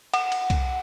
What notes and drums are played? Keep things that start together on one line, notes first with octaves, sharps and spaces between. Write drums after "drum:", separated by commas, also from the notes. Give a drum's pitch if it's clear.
F#5, drum: cymbal
drum: cymbal
drum: kick, cymbal